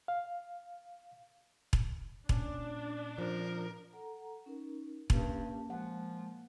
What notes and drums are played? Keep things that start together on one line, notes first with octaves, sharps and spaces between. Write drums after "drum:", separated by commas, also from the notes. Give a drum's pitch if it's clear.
F5
drum: kick E1
A#2 C#4 D4, drum: kick E1
F3 A#4
A4 F#5 A#5
C#4 D#4 A#4
G2 A#3 C#4 G4 A5, drum: kick E1
F3 G#3 F#5